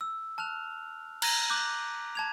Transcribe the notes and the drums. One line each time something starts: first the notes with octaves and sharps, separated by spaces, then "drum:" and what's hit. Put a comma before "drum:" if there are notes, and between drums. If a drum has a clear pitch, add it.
E6
A5 F6 F#6 F7
A#5 G#6 A#6 D#7, drum: cymbal
D6 F#6 G6
A5 G#6 F7